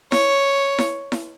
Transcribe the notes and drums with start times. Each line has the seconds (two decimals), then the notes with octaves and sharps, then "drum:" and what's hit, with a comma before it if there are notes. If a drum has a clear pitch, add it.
0.12 C#5, drum: snare E4
0.79 drum: snare E4
1.12 drum: snare E4